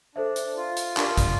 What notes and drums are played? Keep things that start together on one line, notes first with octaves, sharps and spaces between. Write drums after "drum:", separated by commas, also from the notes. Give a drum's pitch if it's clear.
D4 A4 C5 E5
drum: hi-hat
F4
drum: hi-hat
D4 G4 A#4 D5, drum: clap
drum: kick, hi-hat